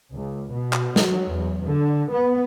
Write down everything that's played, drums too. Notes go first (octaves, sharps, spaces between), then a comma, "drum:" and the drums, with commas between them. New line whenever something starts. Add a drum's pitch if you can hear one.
C#2
B2
drum: clap
F#3, drum: snare
E2
D3
B3